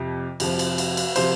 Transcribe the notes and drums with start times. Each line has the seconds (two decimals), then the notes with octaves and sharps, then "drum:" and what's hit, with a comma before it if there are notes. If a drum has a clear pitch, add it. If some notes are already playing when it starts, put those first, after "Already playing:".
Already playing: F2 C3 F3
0.40 F2 C3 F3, drum: cymbal
0.59 drum: cymbal
0.78 drum: cymbal
0.97 drum: cymbal
1.16 C3 F3 C5, drum: cymbal